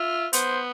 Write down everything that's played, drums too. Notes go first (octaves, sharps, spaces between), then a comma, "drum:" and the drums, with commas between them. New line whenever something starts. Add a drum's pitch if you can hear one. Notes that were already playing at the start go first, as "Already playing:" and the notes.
Already playing: F4 E5
B3 C5, drum: hi-hat